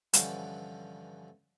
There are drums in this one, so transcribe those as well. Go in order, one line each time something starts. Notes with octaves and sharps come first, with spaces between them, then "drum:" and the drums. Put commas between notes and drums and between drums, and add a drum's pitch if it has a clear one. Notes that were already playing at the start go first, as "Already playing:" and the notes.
G2 D3 E3 F3 C#4, drum: hi-hat